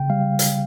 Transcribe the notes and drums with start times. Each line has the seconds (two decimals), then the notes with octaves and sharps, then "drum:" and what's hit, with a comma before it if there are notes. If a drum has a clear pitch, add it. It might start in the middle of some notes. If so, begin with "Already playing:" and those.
Already playing: C#3 G5
0.10 G3 F5
0.39 drum: hi-hat